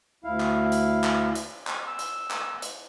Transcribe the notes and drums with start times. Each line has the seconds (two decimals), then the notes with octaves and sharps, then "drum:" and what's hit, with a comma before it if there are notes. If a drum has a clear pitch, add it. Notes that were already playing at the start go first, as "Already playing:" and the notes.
0.24 D2 E4 F5
0.40 drum: clap
0.72 drum: hi-hat
1.04 drum: clap
1.35 drum: hi-hat
1.67 drum: clap
1.87 E6
1.99 drum: hi-hat
2.31 drum: clap
2.62 drum: hi-hat